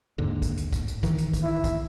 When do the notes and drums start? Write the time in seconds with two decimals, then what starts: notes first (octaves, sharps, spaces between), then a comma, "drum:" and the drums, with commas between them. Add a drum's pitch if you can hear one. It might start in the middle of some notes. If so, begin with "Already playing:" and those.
0.18 D#2 G#2 D3
0.42 drum: kick, hi-hat
0.57 drum: hi-hat
0.73 drum: kick, hi-hat
0.88 drum: hi-hat
1.03 D#3 E3, drum: kick, hi-hat
1.18 drum: hi-hat
1.33 drum: kick, hi-hat
1.43 E4
1.64 drum: kick, hi-hat